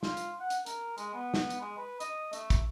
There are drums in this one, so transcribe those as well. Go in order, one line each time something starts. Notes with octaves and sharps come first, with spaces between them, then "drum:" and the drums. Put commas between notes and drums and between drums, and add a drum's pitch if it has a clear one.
F4, drum: snare
drum: hi-hat
F#5
drum: hi-hat
A#4, drum: hi-hat
G#3, drum: hi-hat
B3
drum: snare
drum: hi-hat
G#3
B4
D#5, drum: hi-hat
A3, drum: hi-hat
drum: kick, hi-hat